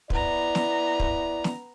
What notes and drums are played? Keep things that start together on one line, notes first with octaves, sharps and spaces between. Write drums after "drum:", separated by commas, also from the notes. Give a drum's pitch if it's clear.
B3 E4 D5 A#5, drum: kick
drum: snare
drum: kick
drum: snare